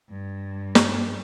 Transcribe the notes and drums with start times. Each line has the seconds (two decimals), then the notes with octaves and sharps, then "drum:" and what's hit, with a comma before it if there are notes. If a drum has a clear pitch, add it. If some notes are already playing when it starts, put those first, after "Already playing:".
0.10 G2
0.75 drum: snare